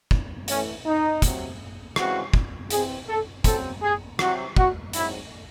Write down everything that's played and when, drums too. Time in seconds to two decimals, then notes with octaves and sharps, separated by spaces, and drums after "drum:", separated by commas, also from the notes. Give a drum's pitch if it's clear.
0.11 drum: kick
0.48 A2 E3 A3 C#4, drum: hi-hat
0.86 D#4
1.22 C3 F#3 C4, drum: kick, hi-hat
1.96 C#3 E3 G#3 C4 F#4, drum: rim click
2.34 drum: kick
2.70 C3 E3 C4 G#4, drum: hi-hat
3.08 A4
3.44 C#3 F#3 C4 A4, drum: kick, hi-hat
3.82 G#4
4.19 C3 F#3 C4 F#4, drum: rim click
4.56 F#4, drum: kick
4.93 G#2 F#3 C4 E4, drum: hi-hat